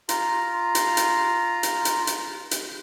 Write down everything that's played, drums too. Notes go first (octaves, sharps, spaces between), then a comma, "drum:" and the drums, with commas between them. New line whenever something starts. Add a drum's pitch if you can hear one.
F4 A#5, drum: hi-hat
drum: hi-hat
drum: hi-hat
drum: hi-hat
drum: hi-hat
drum: hi-hat
drum: hi-hat